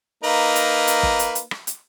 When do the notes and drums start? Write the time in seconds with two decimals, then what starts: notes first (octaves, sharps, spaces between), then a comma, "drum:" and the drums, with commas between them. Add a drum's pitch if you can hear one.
0.24 A#3 D#4 B4
0.55 drum: hi-hat
0.87 drum: hi-hat
1.03 drum: kick
1.19 drum: hi-hat
1.35 drum: hi-hat
1.51 drum: rim click
1.67 drum: hi-hat